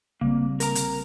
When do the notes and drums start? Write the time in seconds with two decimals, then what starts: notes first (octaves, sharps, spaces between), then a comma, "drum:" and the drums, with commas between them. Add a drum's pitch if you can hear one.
0.21 A#1 C#3 G3 A#3 C4
0.60 A#4 A#5, drum: hi-hat
0.75 drum: hi-hat